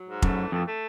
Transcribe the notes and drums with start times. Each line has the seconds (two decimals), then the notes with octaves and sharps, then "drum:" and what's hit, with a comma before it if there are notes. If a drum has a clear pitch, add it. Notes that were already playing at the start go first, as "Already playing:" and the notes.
Already playing: F#3
0.09 G#2
0.22 F#2 A3, drum: kick F1
0.37 E3
0.52 F2 A3
0.67 A3